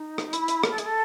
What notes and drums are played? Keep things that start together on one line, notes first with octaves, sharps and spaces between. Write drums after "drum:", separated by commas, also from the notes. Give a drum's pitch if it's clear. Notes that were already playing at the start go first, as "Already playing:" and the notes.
Already playing: D#4
drum: rim click
E4, drum: hi-hat
drum: hi-hat
A#4, drum: rim click
A4
G#4, drum: hi-hat
A4